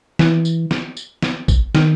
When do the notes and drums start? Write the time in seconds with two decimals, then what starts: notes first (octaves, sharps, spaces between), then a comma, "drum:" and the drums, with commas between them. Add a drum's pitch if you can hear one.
0.19 E3, drum: snare
0.45 drum: tambourine
0.71 drum: snare
0.97 drum: tambourine
1.22 drum: snare
1.48 drum: kick, tambourine
1.75 D#3, drum: snare